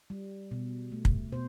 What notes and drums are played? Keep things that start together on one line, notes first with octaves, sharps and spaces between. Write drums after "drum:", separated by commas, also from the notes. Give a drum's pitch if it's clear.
G3
B2
A3
drum: kick
B2 C5